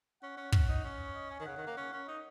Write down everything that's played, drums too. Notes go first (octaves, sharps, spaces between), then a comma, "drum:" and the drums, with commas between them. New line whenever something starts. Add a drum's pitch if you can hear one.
C#4 F#5
C#4
C#4, drum: kick
D#4
C#4
D#5
G#5
D#3
C#3 F#5
D#3
A#3
C#4
C#4
D#4 D#5